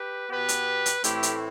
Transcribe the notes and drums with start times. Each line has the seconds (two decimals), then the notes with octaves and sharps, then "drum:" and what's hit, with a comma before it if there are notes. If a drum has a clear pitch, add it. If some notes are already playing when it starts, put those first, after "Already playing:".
Already playing: G4 B4
0.30 B2 B3 G4 B4
0.49 drum: hi-hat
0.86 drum: hi-hat
1.04 A2 E3 A3 C4 E4 G4, drum: hi-hat
1.23 drum: hi-hat